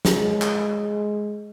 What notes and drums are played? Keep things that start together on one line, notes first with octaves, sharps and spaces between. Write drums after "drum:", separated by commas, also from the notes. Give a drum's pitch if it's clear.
drum: snare
G#3
drum: clap